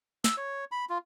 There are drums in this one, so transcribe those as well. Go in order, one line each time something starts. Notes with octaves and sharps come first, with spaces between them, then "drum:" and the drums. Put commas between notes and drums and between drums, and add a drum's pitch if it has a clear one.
E6, drum: snare
C#5
B5
F4